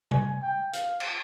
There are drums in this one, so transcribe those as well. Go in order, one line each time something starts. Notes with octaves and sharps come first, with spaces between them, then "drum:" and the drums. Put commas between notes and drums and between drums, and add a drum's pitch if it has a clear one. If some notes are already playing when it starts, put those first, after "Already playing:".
G#5, drum: tom C3
G5
F5, drum: hi-hat
drum: cymbal